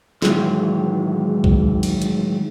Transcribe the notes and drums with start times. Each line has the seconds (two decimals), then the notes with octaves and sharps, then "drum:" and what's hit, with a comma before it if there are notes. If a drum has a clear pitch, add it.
0.22 A2 D#3 E3 F#3 G#3, drum: snare
1.44 drum: kick
1.83 drum: cymbal
2.02 drum: hi-hat